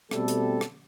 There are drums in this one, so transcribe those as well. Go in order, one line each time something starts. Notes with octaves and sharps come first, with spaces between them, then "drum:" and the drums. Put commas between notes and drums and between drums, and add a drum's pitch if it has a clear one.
B2 G3 A3 C4 A4, drum: rim click
drum: hi-hat
drum: rim click